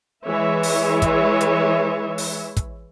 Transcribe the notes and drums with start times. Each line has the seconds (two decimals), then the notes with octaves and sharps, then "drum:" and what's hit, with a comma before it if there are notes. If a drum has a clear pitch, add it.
0.25 E3 G#3 C#5 E5
0.63 drum: open hi-hat
1.02 drum: kick, hi-hat
1.41 drum: hi-hat
2.18 drum: open hi-hat
2.57 drum: kick, hi-hat